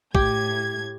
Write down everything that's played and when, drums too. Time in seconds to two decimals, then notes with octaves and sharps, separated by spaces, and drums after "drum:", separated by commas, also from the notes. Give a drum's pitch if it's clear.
0.15 A2 G4 G#6, drum: kick A#1